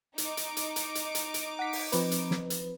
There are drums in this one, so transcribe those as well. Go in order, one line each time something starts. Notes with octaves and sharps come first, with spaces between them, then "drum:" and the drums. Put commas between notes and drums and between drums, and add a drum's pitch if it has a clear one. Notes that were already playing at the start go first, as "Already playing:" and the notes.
D#4 D6, drum: hi-hat
drum: hi-hat
drum: hi-hat
drum: hi-hat
drum: hi-hat
drum: hi-hat
drum: hi-hat
F#5 B6
drum: open hi-hat
F3 C4 B4, drum: hi-hat
drum: hi-hat
drum: snare
drum: hi-hat